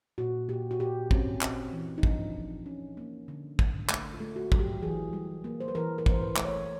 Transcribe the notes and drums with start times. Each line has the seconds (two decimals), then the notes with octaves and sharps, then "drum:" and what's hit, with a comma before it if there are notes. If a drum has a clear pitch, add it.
0.18 A#2 F#4
0.49 A#2 G4
0.71 F#4
0.80 A#2 G4
1.11 C4 C#4, drum: kick
1.41 C4, drum: clap
1.73 E3
1.98 D#4
2.03 F3 D4, drum: kick
2.35 F3
2.66 C#4
2.97 A#3
3.28 D3
3.59 D3, drum: kick
3.90 A3, drum: clap
4.13 F4
4.20 A3
4.36 F#4
4.52 F#3, drum: kick
4.59 G4
4.82 E3 G#4
5.13 G3
5.44 A#3
5.60 C5
5.68 B4
5.75 E3 A#4
5.98 A#4
6.06 E3, drum: kick
6.11 C5
6.21 B4
6.36 A3, drum: clap
6.45 C#5